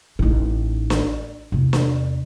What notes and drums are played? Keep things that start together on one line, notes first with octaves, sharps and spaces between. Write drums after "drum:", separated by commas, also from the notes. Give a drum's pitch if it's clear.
A1 D#4
drum: snare
E2 C3
drum: snare